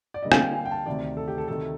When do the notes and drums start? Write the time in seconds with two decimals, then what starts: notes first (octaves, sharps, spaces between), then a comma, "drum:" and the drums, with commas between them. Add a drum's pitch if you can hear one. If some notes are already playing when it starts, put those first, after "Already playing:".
0.14 D5
0.23 D3 G3 A#3 D#5
0.32 F5, drum: rim click
0.41 G5
0.65 G5
0.71 A5
0.86 D2 C3 D#3 D5
1.17 A4
1.28 G4
1.38 A4
1.48 D2 C3 D#3 A3 A4